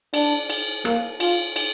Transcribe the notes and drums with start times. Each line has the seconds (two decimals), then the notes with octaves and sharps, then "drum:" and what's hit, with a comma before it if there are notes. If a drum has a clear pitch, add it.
0.14 D4, drum: cymbal
0.50 drum: cymbal
0.85 A#3, drum: rim click
1.20 F4, drum: cymbal
1.56 drum: cymbal